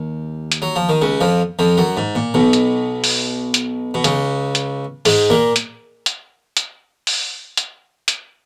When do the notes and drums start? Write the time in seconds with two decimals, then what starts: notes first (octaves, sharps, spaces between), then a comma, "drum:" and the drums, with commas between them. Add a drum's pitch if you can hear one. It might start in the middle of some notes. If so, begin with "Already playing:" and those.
Already playing: D#2
0.52 drum: hi-hat
0.62 F#3
0.76 F3
0.89 D#3
1.01 C#2 C#3
1.21 F2 F3
1.59 F2 F3
1.77 F#2 F#3
1.97 G#2
2.15 A#2
2.34 B1 B2
2.53 drum: hi-hat
3.04 drum: open hi-hat
3.54 drum: hi-hat
3.94 B2
4.04 C#2 C#3, drum: hi-hat
4.55 drum: hi-hat
5.05 G#2 G#3, drum: open hi-hat
5.30 A#2 A#3
5.56 drum: hi-hat
6.06 drum: hi-hat
6.57 drum: hi-hat
7.07 drum: open hi-hat
7.57 drum: hi-hat
8.08 drum: hi-hat